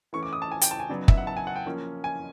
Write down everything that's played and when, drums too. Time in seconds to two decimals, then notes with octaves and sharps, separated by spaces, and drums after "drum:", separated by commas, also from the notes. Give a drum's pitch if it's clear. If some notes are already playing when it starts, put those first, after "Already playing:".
0.13 E3 A3 C#4 C#6
0.23 D6
0.33 D#6
0.42 A5
0.52 G#5
0.61 G5, drum: hi-hat
0.71 A5
0.80 G#5
0.89 C#3 F#3 B3 D#4 D5
1.08 E5, drum: kick
1.17 F#5
1.27 A5
1.37 G#5
1.47 F#5
1.56 G5
1.66 F3 A#3 C#4
2.04 G#5